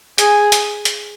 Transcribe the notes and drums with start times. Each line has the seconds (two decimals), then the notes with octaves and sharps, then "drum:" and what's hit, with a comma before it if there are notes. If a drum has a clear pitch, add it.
0.18 G#4, drum: hi-hat
0.52 drum: hi-hat
0.85 drum: hi-hat